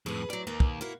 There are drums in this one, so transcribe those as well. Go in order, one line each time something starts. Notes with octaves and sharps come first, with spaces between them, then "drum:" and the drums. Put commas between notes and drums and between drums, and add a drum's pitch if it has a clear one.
F2 A2 G#4 B4
A2 F#3 D5
D#2 A#3
drum: kick
A#3 E4 F#4